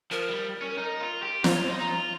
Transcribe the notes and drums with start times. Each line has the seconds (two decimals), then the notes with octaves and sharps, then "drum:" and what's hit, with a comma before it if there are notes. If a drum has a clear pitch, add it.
0.11 F3 A#4
0.29 G3
0.62 C#4
0.78 D#4
1.01 F4
1.23 G4
1.44 F4 C5, drum: snare
1.54 C#5
1.62 D#4 C5
1.72 C6
1.78 D#4 A#5
1.88 F4